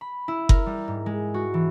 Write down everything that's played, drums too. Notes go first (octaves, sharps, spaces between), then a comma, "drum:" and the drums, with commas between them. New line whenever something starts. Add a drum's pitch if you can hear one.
B5
E4
A#4, drum: kick F#1
G3
G#2
G#3
F#4
E3